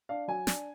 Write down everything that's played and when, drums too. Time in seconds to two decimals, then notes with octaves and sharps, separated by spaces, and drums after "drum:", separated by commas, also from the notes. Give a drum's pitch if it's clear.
0.09 D4 F5
0.28 F#3 G#5
0.47 D4, drum: snare